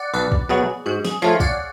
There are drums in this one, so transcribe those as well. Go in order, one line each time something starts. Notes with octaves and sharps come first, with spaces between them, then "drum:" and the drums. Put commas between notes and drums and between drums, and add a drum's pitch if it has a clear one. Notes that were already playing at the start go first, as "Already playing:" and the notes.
Already playing: D5 F#5
B1 B4 D5
drum: kick
B2 F#3 B3 F#4 G#4
G#2 F#4
G#4, drum: snare
F3 A3 F4 C#5 F5
D5 F#5, drum: kick